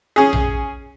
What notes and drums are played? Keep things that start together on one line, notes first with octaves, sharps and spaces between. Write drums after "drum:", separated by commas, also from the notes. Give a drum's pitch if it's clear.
C#4 G#4
drum: tom A#1